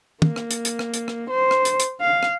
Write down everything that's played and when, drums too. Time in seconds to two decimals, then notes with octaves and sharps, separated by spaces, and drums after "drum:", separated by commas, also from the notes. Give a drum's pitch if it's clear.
0.22 A#3, drum: tom
0.36 drum: rim click
0.51 drum: hi-hat
0.65 drum: hi-hat
0.79 drum: rim click
0.94 drum: hi-hat
1.08 drum: rim click
1.30 C5
1.51 drum: rim click
1.65 drum: hi-hat
1.80 drum: hi-hat
2.01 F5
2.23 drum: rim click